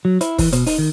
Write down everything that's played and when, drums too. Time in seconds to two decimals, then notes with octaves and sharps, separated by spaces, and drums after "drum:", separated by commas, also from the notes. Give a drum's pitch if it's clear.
0.05 F#3
0.21 E4, drum: hi-hat
0.38 E3, drum: kick, open hi-hat
0.53 B2, drum: hi-hat
0.67 D#4, drum: open hi-hat
0.78 D#3